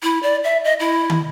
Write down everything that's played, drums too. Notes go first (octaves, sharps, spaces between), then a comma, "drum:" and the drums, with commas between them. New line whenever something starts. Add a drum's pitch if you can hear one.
E4
D5
E5
D#5
E4
drum: tom